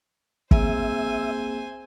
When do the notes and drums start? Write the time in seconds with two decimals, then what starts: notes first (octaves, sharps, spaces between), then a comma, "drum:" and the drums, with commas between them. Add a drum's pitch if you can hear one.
0.51 A#3 C4 G#4 C5 E5 G#5, drum: kick